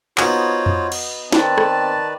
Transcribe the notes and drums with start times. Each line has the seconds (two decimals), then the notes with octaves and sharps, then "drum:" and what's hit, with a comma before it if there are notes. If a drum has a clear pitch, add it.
0.18 B3 D#4 F4 F#4 C5 C#5, drum: clap
0.66 drum: tom F2
0.92 drum: cymbal
1.32 D#3 C4 B4 D5 A5, drum: snare
1.58 drum: rim click